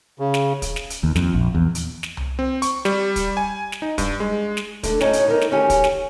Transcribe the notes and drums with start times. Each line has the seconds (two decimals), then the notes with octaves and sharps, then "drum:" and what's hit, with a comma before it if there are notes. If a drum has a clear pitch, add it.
0.19 C#3
0.34 drum: snare
0.62 drum: kick, hi-hat
0.76 drum: snare
0.90 drum: hi-hat
1.04 D#2
1.16 F2, drum: snare
1.34 A#1
1.55 E2
1.75 drum: hi-hat
2.03 drum: snare
2.17 drum: tom C2
2.39 C4
2.62 C#6, drum: hi-hat
2.85 G3, drum: snare
3.16 drum: kick, hi-hat
3.37 G#5
3.72 drum: snare
3.82 D#4
3.98 G2, drum: kick, hi-hat
4.20 G#3
4.57 drum: snare
4.83 D3 A3 D4 A4, drum: kick, hi-hat
5.01 A2 C#4 D#4 F#4 C#5 A#5, drum: snare
5.13 drum: hi-hat
5.27 D3 B3 D#4 A#4
5.41 drum: snare
5.51 D2 D#3 C#4 F#4 G4 G#5
5.70 drum: kick, hi-hat
5.84 drum: snare